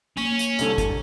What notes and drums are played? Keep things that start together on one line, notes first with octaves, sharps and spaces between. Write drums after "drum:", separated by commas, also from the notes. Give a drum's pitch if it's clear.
A#3 C#4, drum: open hi-hat
drum: hi-hat
C2 D3 A4, drum: hi-hat
drum: kick, hi-hat